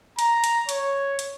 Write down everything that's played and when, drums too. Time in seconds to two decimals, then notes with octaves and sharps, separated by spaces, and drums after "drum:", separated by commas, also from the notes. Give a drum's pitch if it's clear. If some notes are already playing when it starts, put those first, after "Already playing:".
0.19 A#5, drum: hi-hat
0.44 drum: hi-hat
0.69 C#5, drum: hi-hat
1.19 drum: hi-hat